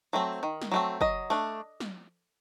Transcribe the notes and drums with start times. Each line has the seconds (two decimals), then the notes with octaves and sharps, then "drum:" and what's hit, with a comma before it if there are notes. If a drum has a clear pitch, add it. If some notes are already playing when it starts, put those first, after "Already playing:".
0.13 F#3 A3 C4
0.43 D#3
0.62 drum: snare
0.72 F#3 A3 C4
1.01 F#3 D#5, drum: kick
1.30 A3 D4
1.80 drum: snare